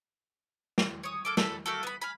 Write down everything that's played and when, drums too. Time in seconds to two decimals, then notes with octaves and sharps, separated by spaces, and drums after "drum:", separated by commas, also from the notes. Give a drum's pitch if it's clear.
0.78 drum: snare
1.03 C#5 D#6
1.25 A#3 A4 D6
1.37 A4 B5, drum: snare
1.66 A3 A#3 F#4 A4
1.83 B3 B5
2.02 F5 G#5 B5